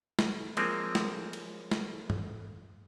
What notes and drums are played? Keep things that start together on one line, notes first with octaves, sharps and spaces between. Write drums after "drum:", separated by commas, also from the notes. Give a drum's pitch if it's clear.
drum: snare
F3 G#3 A#3 C4, drum: cymbal
drum: snare
drum: cymbal
drum: snare
drum: tom